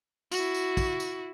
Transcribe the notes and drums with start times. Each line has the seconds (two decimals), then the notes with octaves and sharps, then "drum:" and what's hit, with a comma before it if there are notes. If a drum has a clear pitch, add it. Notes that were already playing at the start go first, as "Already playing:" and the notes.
0.32 E4 F#4, drum: tambourine
0.54 drum: tambourine
0.77 drum: kick, tambourine
1.00 drum: tambourine